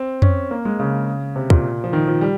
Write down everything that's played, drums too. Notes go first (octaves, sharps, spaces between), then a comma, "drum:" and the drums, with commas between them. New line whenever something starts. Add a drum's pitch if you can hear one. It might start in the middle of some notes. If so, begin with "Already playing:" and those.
Already playing: C4
C#4, drum: tom F2
A#3
G#3
C#3
C3
A#2, drum: kick
F3
D#3
F3
G3